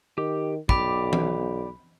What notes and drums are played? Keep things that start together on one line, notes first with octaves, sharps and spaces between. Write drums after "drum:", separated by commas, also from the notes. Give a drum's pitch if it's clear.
D#3 G4
B1 D5 G5 B5 D6, drum: kick
drum: tom E3